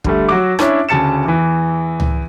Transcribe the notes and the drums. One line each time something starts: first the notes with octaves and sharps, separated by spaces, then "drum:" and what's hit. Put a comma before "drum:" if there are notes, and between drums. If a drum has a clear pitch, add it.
D3 G3 A3, drum: kick
F#3 F#4 D6
C#4 D4 E4 C#5, drum: rim click
D2 C#3 A5 A6 C#7 E7
E2 E3
drum: tom C#2